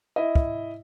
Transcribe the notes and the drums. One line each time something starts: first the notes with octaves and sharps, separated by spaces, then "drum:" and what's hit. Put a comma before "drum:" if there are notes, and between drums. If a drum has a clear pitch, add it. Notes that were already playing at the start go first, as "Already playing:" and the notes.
E4 D#5
drum: kick